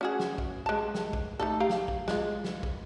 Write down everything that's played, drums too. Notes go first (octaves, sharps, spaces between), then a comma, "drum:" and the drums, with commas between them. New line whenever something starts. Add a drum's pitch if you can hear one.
C#4 F#4 G#4
drum: snare
drum: kick
G#3 A5
drum: snare
drum: kick
A3 D#4 A4
G4 F5 A#5
drum: snare
drum: kick
G#3 F4, drum: snare
drum: snare
drum: kick